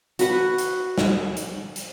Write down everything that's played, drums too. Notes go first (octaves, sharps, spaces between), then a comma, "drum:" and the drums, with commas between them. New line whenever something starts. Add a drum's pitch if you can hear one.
F#4 B4 F#5, drum: hi-hat
drum: hi-hat
drum: snare
drum: hi-hat
drum: hi-hat